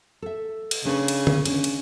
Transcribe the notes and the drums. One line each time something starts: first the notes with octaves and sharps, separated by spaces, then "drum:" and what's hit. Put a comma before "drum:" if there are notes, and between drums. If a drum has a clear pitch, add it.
A4 E5
drum: cymbal
C#3 D4 B4 C#5
drum: cymbal
drum: tom D3
C#4 D4, drum: cymbal
drum: cymbal